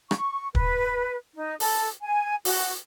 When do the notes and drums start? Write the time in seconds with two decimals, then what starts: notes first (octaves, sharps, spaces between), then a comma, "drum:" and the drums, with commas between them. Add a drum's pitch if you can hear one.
0.11 C#6, drum: rim click
0.55 B4, drum: kick
1.35 D#4
1.60 A4, drum: open hi-hat
2.02 G#5
2.45 F#4, drum: open hi-hat